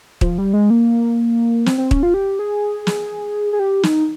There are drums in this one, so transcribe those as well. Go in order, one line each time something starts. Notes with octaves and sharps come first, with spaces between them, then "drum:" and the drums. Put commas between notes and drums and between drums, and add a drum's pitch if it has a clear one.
F3, drum: kick
G3
G#3
A#3
C4, drum: snare
C4
C#4, drum: kick
F4
G4
G#4
drum: snare
G#4
G4
D#4, drum: snare